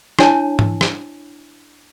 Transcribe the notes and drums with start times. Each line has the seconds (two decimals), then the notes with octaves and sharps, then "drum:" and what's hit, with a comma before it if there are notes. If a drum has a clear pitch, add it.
0.19 D4 E4 C#5 G#5 A5, drum: rim click
0.59 drum: tom G#2
0.81 drum: rim click